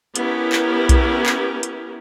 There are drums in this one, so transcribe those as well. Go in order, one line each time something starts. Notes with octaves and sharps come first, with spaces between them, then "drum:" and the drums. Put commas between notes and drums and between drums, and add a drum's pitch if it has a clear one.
B3 C#4 E4 G4 A#4, drum: hi-hat
drum: clap
drum: kick B1, hi-hat
drum: clap
drum: hi-hat